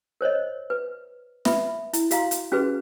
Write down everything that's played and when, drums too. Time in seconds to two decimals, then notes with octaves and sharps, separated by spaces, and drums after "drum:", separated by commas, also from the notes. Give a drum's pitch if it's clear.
0.21 A#4 C5 C#5 D#5
0.70 B4
1.45 B4 E5 B5, drum: snare
1.93 E4, drum: hi-hat
2.11 F#4 F5 A#5 C6, drum: hi-hat
2.31 drum: hi-hat
2.52 C#4 F#4 G#4 B4